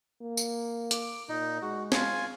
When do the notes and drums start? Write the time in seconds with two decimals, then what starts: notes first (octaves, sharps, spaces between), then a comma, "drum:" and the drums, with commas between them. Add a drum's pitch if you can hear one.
0.22 A#3
0.37 drum: tambourine
0.91 D6, drum: hi-hat
1.29 A#2 D#4
1.62 G#3 F#4
1.92 F4 G#5, drum: snare